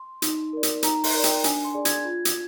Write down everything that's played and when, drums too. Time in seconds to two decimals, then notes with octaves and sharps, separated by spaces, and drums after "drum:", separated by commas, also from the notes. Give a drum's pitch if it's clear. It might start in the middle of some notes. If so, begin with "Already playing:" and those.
Already playing: C6
0.22 D#4, drum: hi-hat
0.53 A#4 D5
0.63 drum: hi-hat
0.83 D#4 A#5, drum: hi-hat
1.04 C6, drum: open hi-hat
1.14 A#4 D5
1.24 G5, drum: hi-hat
1.44 D4 G#5, drum: hi-hat
1.64 C6
1.74 G#4 D5
1.85 G#6, drum: hi-hat
2.05 F4
2.25 drum: hi-hat